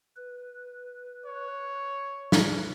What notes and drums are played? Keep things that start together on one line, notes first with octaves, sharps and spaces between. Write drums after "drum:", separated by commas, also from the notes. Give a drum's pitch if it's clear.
B4
C#5
E3 F6, drum: snare